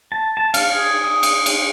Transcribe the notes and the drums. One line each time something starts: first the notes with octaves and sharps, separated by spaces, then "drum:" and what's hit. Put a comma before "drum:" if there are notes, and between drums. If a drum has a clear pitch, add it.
A5
A5
F5, drum: cymbal
G#4
D#6
drum: cymbal
drum: cymbal